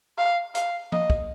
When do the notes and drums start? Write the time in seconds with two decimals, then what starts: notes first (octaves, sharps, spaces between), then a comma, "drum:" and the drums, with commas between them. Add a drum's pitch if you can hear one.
0.18 F5
0.55 F5, drum: hi-hat
0.92 D#5, drum: tom F3
1.10 drum: kick